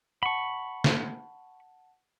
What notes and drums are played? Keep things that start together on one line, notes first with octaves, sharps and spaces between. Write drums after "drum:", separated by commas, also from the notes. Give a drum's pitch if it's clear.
F#5 A5 B5 C#6
drum: snare